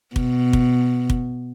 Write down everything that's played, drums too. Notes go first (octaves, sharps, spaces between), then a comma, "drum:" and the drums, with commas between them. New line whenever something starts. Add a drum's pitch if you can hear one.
B2, drum: kick
drum: kick
drum: kick